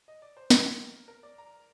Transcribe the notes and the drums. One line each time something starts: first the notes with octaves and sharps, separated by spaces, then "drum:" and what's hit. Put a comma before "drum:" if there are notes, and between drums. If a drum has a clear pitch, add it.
D#5
D5
C5
A#4, drum: snare
A#4
D5
A#5